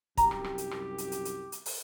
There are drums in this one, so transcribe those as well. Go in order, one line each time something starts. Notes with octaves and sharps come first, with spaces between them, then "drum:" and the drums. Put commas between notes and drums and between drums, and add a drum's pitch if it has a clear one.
C2 F#2 G4 A#5, drum: kick, hi-hat
drum: rim click
drum: rim click
drum: hi-hat
drum: rim click
drum: hi-hat
drum: hi-hat
drum: hi-hat
drum: hi-hat
drum: open hi-hat